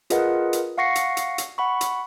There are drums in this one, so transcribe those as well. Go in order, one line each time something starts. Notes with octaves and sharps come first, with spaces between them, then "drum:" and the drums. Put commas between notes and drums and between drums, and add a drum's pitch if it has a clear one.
F4 G#4 A#4 B4 D#5 F#5, drum: hi-hat
drum: hi-hat
F5 F#5 C#6 A#6 C7 C#7
drum: hi-hat
drum: hi-hat
drum: hi-hat
F#5 B5 C#6
drum: hi-hat